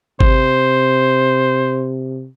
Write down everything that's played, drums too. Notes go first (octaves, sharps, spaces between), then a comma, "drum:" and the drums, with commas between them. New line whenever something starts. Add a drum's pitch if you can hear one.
C3 C5, drum: kick G#1